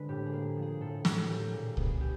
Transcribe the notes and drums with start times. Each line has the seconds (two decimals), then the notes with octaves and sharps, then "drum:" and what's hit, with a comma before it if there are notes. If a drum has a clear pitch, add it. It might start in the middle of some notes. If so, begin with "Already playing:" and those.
Already playing: D3 G#3 C4 B4
0.09 A2 G4
0.26 G#4
0.33 A#3
0.57 F3
0.62 G#4
0.81 A2 A4
1.05 A2 G#4, drum: snare
1.21 F#4
1.28 A#3 G4
1.53 A#2 G#4
1.77 B3 G#4, drum: kick C2
2.01 G3 G4